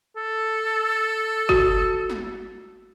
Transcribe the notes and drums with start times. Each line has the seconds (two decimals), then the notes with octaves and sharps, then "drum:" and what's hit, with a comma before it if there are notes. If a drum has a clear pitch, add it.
0.16 A4
1.49 F#4, drum: kick
2.10 drum: snare